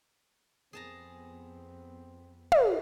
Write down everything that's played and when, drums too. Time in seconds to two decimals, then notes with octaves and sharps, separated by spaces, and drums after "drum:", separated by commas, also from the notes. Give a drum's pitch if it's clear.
0.73 F2 B3 C4 G#4 A5 A#5
2.52 drum: tom